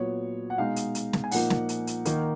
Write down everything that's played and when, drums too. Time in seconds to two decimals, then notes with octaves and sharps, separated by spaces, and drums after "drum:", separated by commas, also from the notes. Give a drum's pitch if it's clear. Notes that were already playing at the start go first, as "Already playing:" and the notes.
Already playing: A#2 F#3 B3 C#5
0.50 F#5
0.58 B2 G#3 D#4 F5
0.76 drum: hi-hat
0.95 drum: hi-hat
1.13 drum: snare
1.24 G#5
1.31 A#2 F3 A#3 D#4 F#5, drum: open hi-hat
1.50 drum: snare
1.69 drum: hi-hat
1.87 drum: hi-hat
2.05 D#3 A#3 D#4, drum: hi-hat